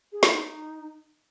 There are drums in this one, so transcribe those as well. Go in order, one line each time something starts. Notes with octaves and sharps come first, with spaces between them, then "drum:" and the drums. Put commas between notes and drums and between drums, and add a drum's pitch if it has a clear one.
G#4
E4, drum: snare
D#4